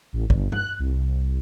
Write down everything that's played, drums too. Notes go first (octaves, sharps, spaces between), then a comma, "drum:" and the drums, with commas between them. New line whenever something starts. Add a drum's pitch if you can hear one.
A1
G1, drum: kick
F#6, drum: tom G2
C2